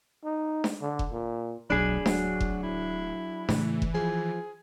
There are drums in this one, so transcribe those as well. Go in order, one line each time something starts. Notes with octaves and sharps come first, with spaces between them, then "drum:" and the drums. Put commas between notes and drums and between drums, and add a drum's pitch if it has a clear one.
D#4
drum: snare D4
D3
drum: kick F1
A#2
D1 B1 F#3 D4 G#4 B5
F#3 F#4, drum: snare D4
drum: kick F1
E4
A2 C#3 E3 A3, drum: snare D4
drum: kick F1
F3 G#4